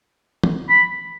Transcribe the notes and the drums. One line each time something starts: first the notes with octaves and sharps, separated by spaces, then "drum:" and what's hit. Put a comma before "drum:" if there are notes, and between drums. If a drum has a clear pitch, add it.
drum: tom
B5